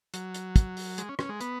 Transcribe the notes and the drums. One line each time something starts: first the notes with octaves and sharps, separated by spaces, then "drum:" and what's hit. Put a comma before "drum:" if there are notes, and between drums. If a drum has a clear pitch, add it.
F#3, drum: hi-hat
drum: hi-hat
drum: kick, hi-hat
drum: open hi-hat
G#3, drum: hi-hat
C#4
C#4, drum: rim click
G#3
B3, drum: hi-hat